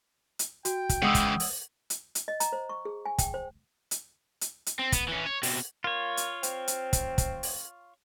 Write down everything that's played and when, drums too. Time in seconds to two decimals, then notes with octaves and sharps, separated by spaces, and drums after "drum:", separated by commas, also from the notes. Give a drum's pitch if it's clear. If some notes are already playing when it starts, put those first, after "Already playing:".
0.39 drum: hi-hat
0.65 F#4 G5, drum: hi-hat
0.89 drum: kick, hi-hat
1.02 C#3 E3 G#3 F#5 D#6 E6
1.15 drum: kick, hi-hat
1.40 drum: open hi-hat
1.90 drum: hi-hat
2.15 drum: hi-hat
2.28 D#5
2.40 A#5, drum: hi-hat
2.53 C5
2.69 C#6
2.85 G#4
3.06 G#5
3.18 G5, drum: kick, hi-hat
3.34 C5
3.91 drum: hi-hat
4.41 drum: hi-hat
4.66 drum: hi-hat
4.79 C4
4.92 B3, drum: kick, hi-hat
5.08 E3 C#4
5.26 C#5
5.43 B2 C4, drum: open hi-hat
5.84 A#3 F4 C#5
6.17 drum: hi-hat
6.43 C4, drum: hi-hat
6.68 drum: hi-hat
6.93 drum: kick, hi-hat
7.18 drum: kick, hi-hat
7.43 drum: open hi-hat